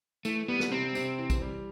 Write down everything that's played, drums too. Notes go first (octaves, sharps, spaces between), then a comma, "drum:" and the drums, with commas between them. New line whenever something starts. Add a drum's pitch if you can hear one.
E3 A3, drum: tambourine
G3 B3
drum: snare
C3 C4
C3, drum: tambourine
E3
drum: kick, tambourine
G3